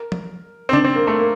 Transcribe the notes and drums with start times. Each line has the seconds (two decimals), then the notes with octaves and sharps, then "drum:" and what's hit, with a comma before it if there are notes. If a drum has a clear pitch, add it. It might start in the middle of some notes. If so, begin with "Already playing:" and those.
Already playing: A#4
0.12 drum: tom F3
0.69 C4
0.73 D4, drum: tom C#3
0.84 C4
0.95 A#3
1.07 A3
1.19 A#3